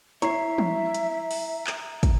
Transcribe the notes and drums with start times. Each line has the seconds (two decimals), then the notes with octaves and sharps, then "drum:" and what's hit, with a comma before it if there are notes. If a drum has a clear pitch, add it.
0.22 E4 C#5 E5 A#5 C7, drum: hi-hat
0.58 drum: tom E3
0.94 drum: hi-hat
1.31 drum: open hi-hat
1.67 drum: clap
2.03 drum: kick, hi-hat